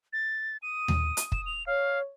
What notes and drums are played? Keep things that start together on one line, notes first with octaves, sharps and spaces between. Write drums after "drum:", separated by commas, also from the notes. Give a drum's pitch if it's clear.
A6
D#6 D#7
drum: tom D#2
drum: hi-hat
E7, drum: kick
F7
C#5 F5